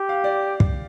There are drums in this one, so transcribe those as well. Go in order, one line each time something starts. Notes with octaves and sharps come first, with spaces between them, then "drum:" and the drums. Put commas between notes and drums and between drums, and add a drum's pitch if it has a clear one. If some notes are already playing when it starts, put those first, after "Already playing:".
Already playing: G4
F5
D5
drum: kick